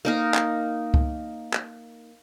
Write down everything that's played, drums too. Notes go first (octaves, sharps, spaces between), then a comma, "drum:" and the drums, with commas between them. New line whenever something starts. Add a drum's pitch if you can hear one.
A#3 D#4 A#4
drum: clap
drum: kick C#2
drum: clap